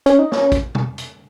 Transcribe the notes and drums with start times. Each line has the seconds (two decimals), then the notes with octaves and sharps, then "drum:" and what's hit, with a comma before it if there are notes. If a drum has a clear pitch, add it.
0.06 C#4, drum: hi-hat
0.19 D#4
0.32 C#4, drum: snare
0.52 drum: kick, hi-hat
0.75 drum: tom
0.98 drum: hi-hat